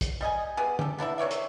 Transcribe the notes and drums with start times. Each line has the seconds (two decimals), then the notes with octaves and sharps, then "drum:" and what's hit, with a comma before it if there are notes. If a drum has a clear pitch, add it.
0.01 drum: kick, hi-hat
0.21 G3 D#5 G#5
0.57 B3 G4 G#4
0.79 G4 A4, drum: tom
0.99 B3 D4 E4 E5
1.18 C3 C#5 D5 E5
1.31 drum: hi-hat